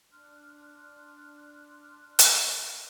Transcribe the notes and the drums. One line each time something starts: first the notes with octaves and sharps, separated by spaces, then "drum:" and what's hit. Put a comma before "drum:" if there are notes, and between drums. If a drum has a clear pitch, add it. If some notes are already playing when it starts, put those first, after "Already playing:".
D4 C6 F6 F#6
drum: hi-hat